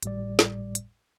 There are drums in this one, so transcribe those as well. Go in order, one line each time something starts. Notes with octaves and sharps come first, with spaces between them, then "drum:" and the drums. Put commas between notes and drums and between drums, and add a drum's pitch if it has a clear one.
G#1 A2 G3 D5, drum: hi-hat
drum: snare
drum: hi-hat